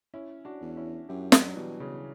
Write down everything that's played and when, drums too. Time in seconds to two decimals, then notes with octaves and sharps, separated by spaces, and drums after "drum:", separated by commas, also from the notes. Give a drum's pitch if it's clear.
0.14 C#4 E4
0.45 D4 F#4
0.61 E2
0.77 C#4 E4
1.09 F#2 E4 G4
1.32 D4 F#4, drum: snare
1.46 F#3
1.56 B2 E3 G3
1.80 C#3